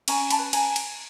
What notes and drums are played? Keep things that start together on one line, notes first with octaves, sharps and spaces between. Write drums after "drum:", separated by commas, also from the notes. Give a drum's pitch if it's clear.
C#4 G#5 A#5, drum: cymbal
A5 B5, drum: cymbal
B4
G#5 A#5, drum: cymbal
drum: cymbal